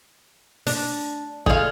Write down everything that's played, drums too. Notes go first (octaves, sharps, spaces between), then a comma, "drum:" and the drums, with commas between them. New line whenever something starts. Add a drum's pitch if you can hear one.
D4, drum: open hi-hat
D3 F4 G#4 F5, drum: kick